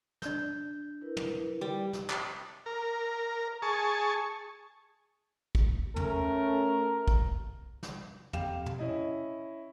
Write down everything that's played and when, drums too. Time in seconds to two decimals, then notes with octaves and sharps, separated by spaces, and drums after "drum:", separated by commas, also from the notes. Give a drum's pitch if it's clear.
0.22 D4 G6, drum: snare
1.01 E4 A#4 B4
1.17 drum: tom
1.61 G3
1.93 drum: snare
2.10 drum: clap
2.66 A#4
3.62 G#4 A5 C#6
5.55 drum: kick
5.96 A3 C#4 A#4, drum: tom
7.08 drum: kick
7.83 drum: snare
8.33 F2 G4 F5 G5 E7, drum: tom
8.66 drum: tom
8.79 C#4 E4 D#5